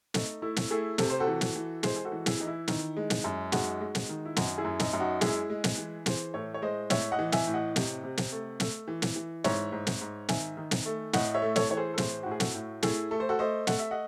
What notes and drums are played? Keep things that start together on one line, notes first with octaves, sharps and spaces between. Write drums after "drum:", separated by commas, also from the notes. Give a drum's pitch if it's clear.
A3 D#4, drum: snare
A3 E4
drum: snare
A3 E4 G#4
C3 A4, drum: snare
C5
F#4 A4
E3
drum: snare
E3
G#3 G#4 C5, drum: snare
G#4
F#4 A4
E3
E4 G#4, drum: snare
E3 D#4
E4
D#3, drum: snare
G#3
drum: snare
F#2
G#3 D#4 F#4, drum: snare
G#3
drum: snare
D#3
E4
F#2 D#4 F#4, drum: snare
E4 G#4
F#2
D#4, drum: snare
F#2
D#4 F#4
G#3 E4 G#4, drum: snare
G#3
drum: snare
E3
E3 G#4 C5, drum: snare
A2 A4 C#5
C#5
G#3 C5 D#5
A2 C#5 E5, drum: snare
D#5 F#5
E3
E5 G#5, drum: snare
A2
D#5 F#5
C3, drum: snare
C3
drum: snare
A3
A3, drum: snare
E3
drum: snare
E3
G#2 C#5 E5, drum: snare
G#2
drum: snare
G#2
D#3 E5 G#5, drum: snare
D#3
drum: snare
A3
A2 D#5 F#5, drum: snare
C#5 E5
A3
A4 C#5, drum: snare
E3 C#5
G#4 C5
A4
A2 G#4 C5, drum: snare
A2 F#4
G#4
F#4 A4, drum: snare
A2
A3 E4 G#4, drum: snare
A3 A4
C5
F#4 A4
A3 C5 D#5
A3 F#5, drum: snare
E5
D#5 F#5